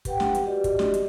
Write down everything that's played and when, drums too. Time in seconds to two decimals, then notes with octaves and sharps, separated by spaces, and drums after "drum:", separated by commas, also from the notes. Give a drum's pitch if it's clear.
0.05 G4 B4 F#5 G5, drum: kick, hi-hat
0.20 drum: snare
0.35 drum: hi-hat
0.46 F#4 G4 D5 D#5
0.64 drum: kick, hi-hat
0.79 drum: snare
0.94 drum: hi-hat